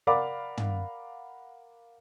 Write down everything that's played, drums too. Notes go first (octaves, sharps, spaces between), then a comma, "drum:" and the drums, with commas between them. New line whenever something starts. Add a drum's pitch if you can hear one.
A#4 D5 F5 F#5 B5 D6
drum: tom